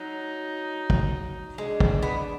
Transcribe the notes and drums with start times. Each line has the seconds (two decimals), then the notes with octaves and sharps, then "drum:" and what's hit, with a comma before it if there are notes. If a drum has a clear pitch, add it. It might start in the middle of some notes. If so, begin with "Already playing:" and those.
Already playing: F#3 D#4
0.90 drum: kick
1.58 G#3 D4
1.80 drum: kick
2.03 B3